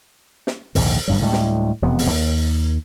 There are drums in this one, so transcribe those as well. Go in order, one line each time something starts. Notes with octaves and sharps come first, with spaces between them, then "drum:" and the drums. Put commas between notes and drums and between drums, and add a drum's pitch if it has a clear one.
drum: snare
A#1 D#2 G#2 D3, drum: open hi-hat
G1 G2 F#3
D2 A2 G3 G#3
drum: snare
E1 F2 C3 B3
drum: open hi-hat
D#2